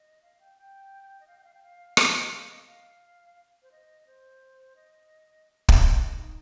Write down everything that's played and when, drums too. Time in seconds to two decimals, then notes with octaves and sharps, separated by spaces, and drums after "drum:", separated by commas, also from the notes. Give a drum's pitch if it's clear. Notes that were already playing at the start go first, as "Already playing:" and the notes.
Already playing: D#5
0.22 F5
0.40 G5
0.58 G5
1.20 D#5
1.27 F5
1.38 G5
1.44 F5
1.54 G5
1.62 F5
1.97 D#5, drum: rim click
2.09 F5
2.14 D#5
2.32 F5
2.50 D#5
2.67 F5
3.62 C5
3.72 D#5
4.07 C5
4.76 D#5
5.69 drum: kick
5.81 F5
5.98 D#5
6.16 D#4